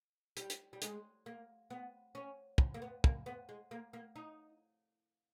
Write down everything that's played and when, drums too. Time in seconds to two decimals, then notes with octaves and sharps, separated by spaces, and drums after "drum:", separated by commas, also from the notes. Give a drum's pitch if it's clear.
0.37 G3, drum: hi-hat
0.50 drum: hi-hat
0.73 G3
0.82 G#3, drum: hi-hat
1.26 A#3
1.70 B3
2.15 C#4
2.58 drum: kick
2.74 A#3
2.82 B3
3.04 A#3, drum: kick
3.26 B3
3.49 G#3
3.71 A#3
3.93 A#3
4.16 D#4